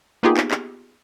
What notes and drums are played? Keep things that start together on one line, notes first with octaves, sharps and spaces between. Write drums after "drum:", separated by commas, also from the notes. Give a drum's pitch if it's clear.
A#3 B3 D#4 F4 G4 G#4
drum: clap
drum: clap